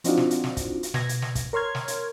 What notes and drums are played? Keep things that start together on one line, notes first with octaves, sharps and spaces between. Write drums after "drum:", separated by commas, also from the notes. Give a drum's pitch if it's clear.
F3 C4 D4 D#4 F4 F#4, drum: hi-hat
drum: snare
drum: hi-hat
drum: snare
drum: kick, hi-hat
drum: hi-hat
B2 G#6 A#6, drum: snare
drum: hi-hat
drum: snare
drum: kick, hi-hat
A#4 C#5 C6 F6 G#6
drum: snare
drum: hi-hat